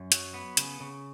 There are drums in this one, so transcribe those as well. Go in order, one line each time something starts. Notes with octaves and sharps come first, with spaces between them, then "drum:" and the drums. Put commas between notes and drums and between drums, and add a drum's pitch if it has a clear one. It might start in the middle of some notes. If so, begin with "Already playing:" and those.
Already playing: F#2
F#3, drum: hi-hat
B3
C#3, drum: hi-hat
C#3